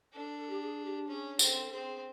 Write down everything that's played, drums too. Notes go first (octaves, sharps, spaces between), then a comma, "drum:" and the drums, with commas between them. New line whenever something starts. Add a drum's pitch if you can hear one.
D4 A4
A4
G4
G#4
G4
C#4 G#4
C4 A4, drum: tambourine
C4 G#4